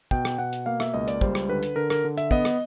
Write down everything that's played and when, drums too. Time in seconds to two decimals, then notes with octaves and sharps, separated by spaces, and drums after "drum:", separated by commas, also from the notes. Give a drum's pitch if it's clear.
0.11 B2 G5, drum: kick
0.25 drum: rim click
0.38 B2 F#5
0.53 drum: hi-hat
0.66 A#3 F5
0.80 E5, drum: rim click
0.94 C#2 D#5
1.08 D5, drum: hi-hat
1.21 G3 C5, drum: kick
1.35 drum: rim click
1.49 D3 B4
1.63 drum: hi-hat
1.76 D3 A#4
1.90 A#4, drum: rim click
2.04 D3
2.18 E5, drum: hi-hat
2.31 B3 D#5, drum: kick
2.45 drum: rim click